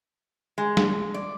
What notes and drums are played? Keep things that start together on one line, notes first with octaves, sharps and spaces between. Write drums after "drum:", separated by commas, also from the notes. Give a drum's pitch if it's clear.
G#3
drum: snare
D5